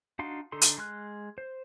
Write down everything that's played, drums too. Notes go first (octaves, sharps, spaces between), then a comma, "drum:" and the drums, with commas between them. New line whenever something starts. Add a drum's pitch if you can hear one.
D4 D#4 F#4 F5 C6
D3 D#4 A4 C6
drum: hi-hat
G#3 C6 F6 F#6
C5